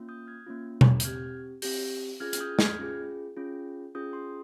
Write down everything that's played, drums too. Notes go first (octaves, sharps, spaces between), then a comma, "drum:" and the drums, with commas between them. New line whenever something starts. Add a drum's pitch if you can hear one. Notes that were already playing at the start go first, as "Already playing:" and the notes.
Already playing: A#3 C#4 F4
D#6 G6
F6 G#6
A#3 C#4 F4
drum: tom B2
G6, drum: hi-hat
C4 G4 F6 G#6
C4 G4 G6 A#6, drum: open hi-hat
C#4 F4 G#4 F6 G#6
F6, drum: hi-hat
D#6 G6
F6 G#6, drum: snare
C#4 F4 G#4
C#4 F4 G#4
C#4 F4 G#4 D#6 G6
C6 D#6